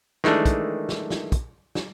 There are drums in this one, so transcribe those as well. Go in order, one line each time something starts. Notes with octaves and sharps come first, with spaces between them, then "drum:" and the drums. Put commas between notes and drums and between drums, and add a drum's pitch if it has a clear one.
D#3 E3 G#3 A3 D4, drum: snare
drum: kick, hi-hat
drum: snare
drum: snare
drum: kick, hi-hat
drum: snare